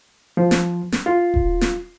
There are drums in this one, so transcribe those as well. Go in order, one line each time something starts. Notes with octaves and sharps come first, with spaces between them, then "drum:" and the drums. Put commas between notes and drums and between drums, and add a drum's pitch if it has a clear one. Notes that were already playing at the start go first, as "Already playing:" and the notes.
F3
drum: snare
drum: snare
F4
drum: kick D#1
drum: snare